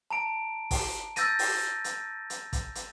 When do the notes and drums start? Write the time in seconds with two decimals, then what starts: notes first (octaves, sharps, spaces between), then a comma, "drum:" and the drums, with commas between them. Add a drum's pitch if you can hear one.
0.10 A5 A#5 D7
0.71 drum: kick, open hi-hat
1.16 E6 G6 A6 A#6 D#7, drum: hi-hat
1.39 drum: open hi-hat
1.84 drum: hi-hat
2.30 drum: hi-hat
2.53 drum: kick, hi-hat
2.75 drum: hi-hat